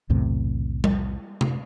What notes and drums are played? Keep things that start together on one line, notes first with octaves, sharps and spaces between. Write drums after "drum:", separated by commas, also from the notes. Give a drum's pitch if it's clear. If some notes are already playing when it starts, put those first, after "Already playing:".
B1 E2 A2 C3
drum: tom G3
drum: tom C3